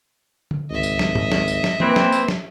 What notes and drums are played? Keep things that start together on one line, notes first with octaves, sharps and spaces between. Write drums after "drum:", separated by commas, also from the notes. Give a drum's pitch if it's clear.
drum: tom
G#1 C#2 D#5 E5
drum: tambourine
drum: snare
drum: tom
drum: snare
drum: tambourine
drum: snare
E3 A#3 C4 B4, drum: tom
drum: snare
drum: tambourine
drum: snare